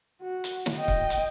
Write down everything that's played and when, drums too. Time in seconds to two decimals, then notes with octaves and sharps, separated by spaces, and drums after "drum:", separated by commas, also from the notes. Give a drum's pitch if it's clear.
0.22 F#4
0.44 drum: hi-hat
0.66 drum: snare
0.79 D#5 G5
0.88 drum: kick C#1
1.10 drum: hi-hat